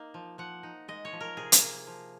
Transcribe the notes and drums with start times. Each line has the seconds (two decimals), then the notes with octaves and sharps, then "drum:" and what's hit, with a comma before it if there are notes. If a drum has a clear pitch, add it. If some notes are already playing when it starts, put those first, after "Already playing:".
Already playing: A#3 D#4
0.14 F3
0.38 F3 F#5
0.63 D#4
0.88 G#3 D#5
1.05 C#5
1.13 F3
1.20 A#4
1.37 C3 G#4
1.52 drum: hi-hat
1.62 A#3
1.87 F3